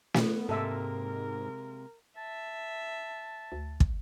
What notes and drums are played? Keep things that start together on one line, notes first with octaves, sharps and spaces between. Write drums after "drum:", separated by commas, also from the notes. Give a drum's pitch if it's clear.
B3, drum: snare
G#2 C3 G#3 A#3 A4 A#4 E5
E5 A5
D2
drum: kick